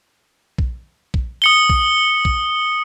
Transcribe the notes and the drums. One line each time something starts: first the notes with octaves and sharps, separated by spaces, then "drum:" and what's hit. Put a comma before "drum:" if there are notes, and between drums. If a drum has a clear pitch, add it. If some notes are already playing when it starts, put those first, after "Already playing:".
drum: kick A#1
drum: kick A#1
D#6 C#7 G7
drum: kick A#1
drum: kick A#1